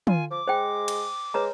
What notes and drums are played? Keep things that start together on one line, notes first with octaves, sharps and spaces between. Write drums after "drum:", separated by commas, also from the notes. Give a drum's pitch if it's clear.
F4 G#5, drum: tom
F3 D6
G#3 C5 G5
drum: cymbal
G#3 B4 C#5 A#5